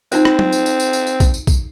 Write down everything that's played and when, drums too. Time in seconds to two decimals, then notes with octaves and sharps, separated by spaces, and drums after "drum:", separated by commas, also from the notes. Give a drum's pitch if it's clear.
0.12 C4 D#4 F4 C5, drum: tambourine
0.25 drum: rim click
0.39 drum: tom F#3
0.52 drum: tambourine
0.66 drum: tambourine
0.80 drum: tambourine
0.93 drum: tambourine
1.07 drum: tambourine
1.20 drum: kick, tambourine
1.34 drum: tambourine
1.47 drum: kick, tambourine